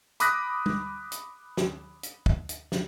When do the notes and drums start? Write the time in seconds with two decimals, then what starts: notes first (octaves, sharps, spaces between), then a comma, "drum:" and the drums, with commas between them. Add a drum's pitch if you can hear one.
0.20 B5 D6 D#6 F#6 A#6 B6, drum: hi-hat
0.66 drum: tom G3
1.12 drum: hi-hat
1.57 drum: snare
2.03 drum: hi-hat
2.26 drum: kick
2.49 drum: hi-hat
2.72 drum: snare